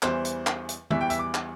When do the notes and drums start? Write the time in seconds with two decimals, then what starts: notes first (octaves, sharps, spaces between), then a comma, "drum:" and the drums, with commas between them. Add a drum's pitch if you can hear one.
0.03 E2 E3 G3 C5, drum: clap
0.25 drum: hi-hat
0.47 drum: clap
0.69 drum: hi-hat
0.91 E2 E3 G3 E5, drum: tom
1.01 G5
1.10 E5, drum: hi-hat
1.19 D6
1.34 drum: clap